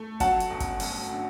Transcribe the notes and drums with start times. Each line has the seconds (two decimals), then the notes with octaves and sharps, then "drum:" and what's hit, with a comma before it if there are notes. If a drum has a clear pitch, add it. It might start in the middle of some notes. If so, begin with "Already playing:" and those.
Already playing: A3
0.20 F#3 F#5 A5, drum: kick, hi-hat
0.40 drum: hi-hat
0.50 G1
0.60 drum: kick, hi-hat
0.80 F#2, drum: open hi-hat
1.11 D3